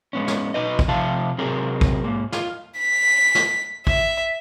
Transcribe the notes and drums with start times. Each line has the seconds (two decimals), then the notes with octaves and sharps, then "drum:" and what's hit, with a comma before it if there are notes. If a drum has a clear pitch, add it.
0.13 G#3 B3 C#4
0.28 drum: snare
0.54 B2 F3 D#4 B4 D#5
0.79 drum: kick
0.88 C3 F3 A3 F5 A5
1.38 C3 F#3 C4 G#4 A#4
1.81 drum: kick
2.04 G#2 A#3
2.32 F4, drum: snare
2.79 B6
3.35 drum: snare
3.87 E5, drum: kick